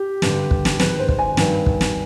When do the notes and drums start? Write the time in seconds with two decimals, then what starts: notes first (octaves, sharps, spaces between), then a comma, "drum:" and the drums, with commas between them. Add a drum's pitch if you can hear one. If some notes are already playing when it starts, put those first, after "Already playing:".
Already playing: G4
0.22 G2 D3, drum: snare
0.51 drum: kick
0.65 drum: snare
0.80 G#2 D#3 B4, drum: snare
1.00 C5
1.09 drum: kick
1.19 G#5
1.37 G2 D#3, drum: snare
1.66 drum: kick
1.81 drum: snare